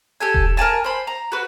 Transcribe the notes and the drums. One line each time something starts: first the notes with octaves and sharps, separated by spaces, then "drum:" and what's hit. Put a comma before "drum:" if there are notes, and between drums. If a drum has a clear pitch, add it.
G4 A4 G#5
drum: kick E1
A#4 D5 G#5 A5
C5 B5
A#5
F#4 B4